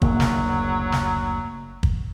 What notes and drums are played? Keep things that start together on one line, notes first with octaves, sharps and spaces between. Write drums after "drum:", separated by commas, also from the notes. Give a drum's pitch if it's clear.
F#1 D2 F#3 A#3, drum: kick
drum: snare
drum: snare
drum: kick